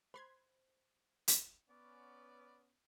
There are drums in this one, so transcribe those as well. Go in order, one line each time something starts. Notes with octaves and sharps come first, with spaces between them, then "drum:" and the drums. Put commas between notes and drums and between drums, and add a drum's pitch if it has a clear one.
C5 B5 C6 G#6
drum: hi-hat
B3 C#4 D5